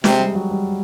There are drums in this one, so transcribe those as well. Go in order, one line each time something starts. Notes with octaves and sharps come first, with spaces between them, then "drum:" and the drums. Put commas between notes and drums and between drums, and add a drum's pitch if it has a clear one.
C3 G#3, drum: snare
G3
F#3
G3